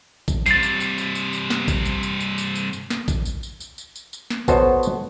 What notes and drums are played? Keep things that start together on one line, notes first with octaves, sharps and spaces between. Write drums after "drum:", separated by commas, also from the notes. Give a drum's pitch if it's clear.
drum: kick A#1, tambourine
G2 C3 A6 C7, drum: tambourine
drum: tambourine
drum: tambourine
drum: tambourine
drum: tambourine
drum: tambourine
drum: snare
drum: kick A#1, tambourine
drum: tambourine
drum: tambourine
drum: tambourine
drum: tambourine
drum: tambourine
drum: tambourine
drum: snare
drum: kick A#1, tambourine
drum: tambourine
drum: tambourine
drum: tambourine
drum: tambourine
drum: tambourine
drum: tambourine
drum: snare
B3 F#4 A4 C5 C#5 D#5, drum: kick A#1, tambourine
drum: tambourine